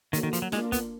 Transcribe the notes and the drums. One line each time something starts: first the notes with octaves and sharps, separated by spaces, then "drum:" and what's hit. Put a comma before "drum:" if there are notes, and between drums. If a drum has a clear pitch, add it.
D3 D#3 F#3 A#3, drum: hi-hat
D#3
F3, drum: hi-hat
F#3
G#3 A#3 D4 F4 A#4, drum: snare
B3, drum: kick, hi-hat